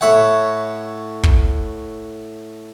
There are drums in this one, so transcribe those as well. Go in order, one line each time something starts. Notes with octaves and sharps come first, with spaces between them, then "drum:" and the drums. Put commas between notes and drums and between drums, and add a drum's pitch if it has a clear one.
A2 C#5 E5 F#5
drum: kick